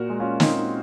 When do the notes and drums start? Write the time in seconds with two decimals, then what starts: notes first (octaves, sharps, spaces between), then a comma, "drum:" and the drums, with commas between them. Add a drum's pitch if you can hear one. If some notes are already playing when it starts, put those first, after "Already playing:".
Already playing: A#2 F#4 A#4
0.10 G#3
0.20 C#4 F4
0.40 A#2 C4 D#4, drum: snare